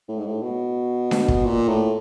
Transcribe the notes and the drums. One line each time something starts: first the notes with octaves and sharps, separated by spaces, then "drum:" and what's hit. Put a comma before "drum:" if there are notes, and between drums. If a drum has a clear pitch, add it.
A2
G#2
A2
B2
drum: snare D4
drum: kick
A#2
A2